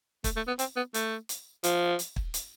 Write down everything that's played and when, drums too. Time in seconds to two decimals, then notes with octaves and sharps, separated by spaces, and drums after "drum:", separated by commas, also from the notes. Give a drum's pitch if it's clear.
0.24 A3, drum: kick, hi-hat
0.36 A3
0.47 B3
0.59 C4, drum: hi-hat
0.76 B3
0.94 A3, drum: hi-hat
1.29 drum: hi-hat
1.64 F3, drum: hi-hat
1.99 drum: hi-hat
2.16 drum: kick
2.34 drum: hi-hat